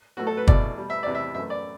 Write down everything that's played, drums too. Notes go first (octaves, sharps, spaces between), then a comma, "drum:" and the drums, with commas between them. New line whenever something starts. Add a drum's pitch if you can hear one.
A2 F#3 A3 F#4
A4
B4
E2 B2 A3 D5, drum: kick
B2 G3
E5
E2 C3 E3 G3 D5
E5
F#2 E3 A3 E5
D5